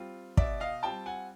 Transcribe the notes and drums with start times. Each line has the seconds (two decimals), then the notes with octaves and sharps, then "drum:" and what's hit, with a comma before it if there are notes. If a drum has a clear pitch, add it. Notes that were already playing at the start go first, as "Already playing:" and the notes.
Already playing: G3 C4 F4
0.37 B2 D5 E5, drum: kick
0.60 D#5 F5
0.83 G3 C4 F4 G5 A5
1.06 F#5 G#5